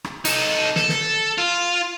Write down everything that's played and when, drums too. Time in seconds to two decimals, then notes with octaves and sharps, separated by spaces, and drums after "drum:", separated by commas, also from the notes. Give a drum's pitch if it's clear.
0.04 drum: rim click
0.25 D#4 A4, drum: hi-hat
0.76 A4, drum: snare
0.89 drum: snare
1.38 F4